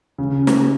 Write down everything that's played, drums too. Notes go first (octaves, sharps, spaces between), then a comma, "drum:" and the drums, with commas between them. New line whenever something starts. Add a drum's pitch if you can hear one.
C#3
drum: snare